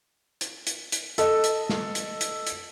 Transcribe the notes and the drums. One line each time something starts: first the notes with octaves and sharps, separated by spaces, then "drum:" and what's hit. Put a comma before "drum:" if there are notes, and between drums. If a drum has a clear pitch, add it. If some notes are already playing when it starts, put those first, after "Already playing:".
drum: hi-hat
drum: hi-hat
drum: hi-hat
A4 D#5, drum: hi-hat
drum: hi-hat
drum: snare
drum: hi-hat
drum: hi-hat
drum: hi-hat